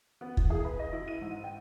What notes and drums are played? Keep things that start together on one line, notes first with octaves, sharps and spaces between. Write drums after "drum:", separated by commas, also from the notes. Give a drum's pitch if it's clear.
B3
E3, drum: kick
G#4
B4
D#5
E4
D#7
G#2
G5